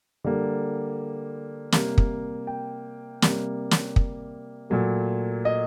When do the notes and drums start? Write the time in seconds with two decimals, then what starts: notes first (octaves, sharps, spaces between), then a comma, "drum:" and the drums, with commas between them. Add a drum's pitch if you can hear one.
0.24 D3 G3 A#3
1.72 C3 G3 A#3, drum: snare
1.98 drum: kick
2.47 G5
3.22 C3 G3 A#3, drum: snare
3.71 drum: snare
3.96 drum: kick
4.70 A#2 F#3 A3
5.45 D#5